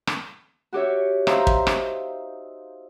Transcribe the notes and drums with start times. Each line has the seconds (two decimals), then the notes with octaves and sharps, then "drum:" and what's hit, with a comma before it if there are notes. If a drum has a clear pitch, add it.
0.07 drum: rim click
0.73 F#4 G4 C#5 E5
1.27 D#4 C5 E5 F5 G5 A#5, drum: rim click
1.47 drum: kick
1.67 drum: rim click